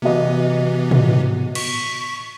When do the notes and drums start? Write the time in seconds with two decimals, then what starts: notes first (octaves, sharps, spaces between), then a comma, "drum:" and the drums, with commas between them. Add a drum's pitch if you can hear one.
0.02 C3 E3 B3 F#4 D#5
0.91 drum: tom
1.55 C#6 B6, drum: cymbal